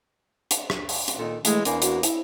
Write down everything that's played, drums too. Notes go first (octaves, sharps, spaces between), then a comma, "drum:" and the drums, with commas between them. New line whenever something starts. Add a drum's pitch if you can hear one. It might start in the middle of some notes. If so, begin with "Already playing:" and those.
drum: hi-hat
drum: rim click
drum: open hi-hat
drum: hi-hat
A#2 D#3 A4
E3 G#3 A3, drum: hi-hat
E2 A#3 D4 G#5, drum: hi-hat
F#4, drum: hi-hat
E4, drum: hi-hat